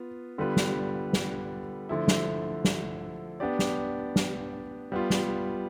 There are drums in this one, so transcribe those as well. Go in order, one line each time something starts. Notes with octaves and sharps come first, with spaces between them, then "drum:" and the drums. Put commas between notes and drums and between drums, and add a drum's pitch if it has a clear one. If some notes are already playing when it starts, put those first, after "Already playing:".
Already playing: B3 F4
D3 G3 B3 F4 B4
drum: snare
drum: snare
D3 F3 A3 E4
drum: snare
drum: snare
B3 D4 G4 D5
drum: snare
drum: snare
G3 B3 F4
drum: snare